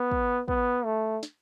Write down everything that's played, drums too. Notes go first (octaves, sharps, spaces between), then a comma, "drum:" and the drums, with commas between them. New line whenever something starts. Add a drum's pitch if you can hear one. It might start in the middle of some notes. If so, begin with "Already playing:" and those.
Already playing: B3
drum: kick
B3, drum: kick
A3
drum: snare